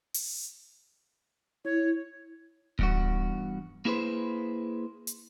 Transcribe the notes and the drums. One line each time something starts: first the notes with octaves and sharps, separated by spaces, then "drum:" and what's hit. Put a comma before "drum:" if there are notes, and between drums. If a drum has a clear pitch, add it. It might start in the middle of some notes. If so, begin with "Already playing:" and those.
drum: open hi-hat
E4 C#5
E2 G2 F#4, drum: kick D1
A#3 E4 G#4 B4 C5
drum: hi-hat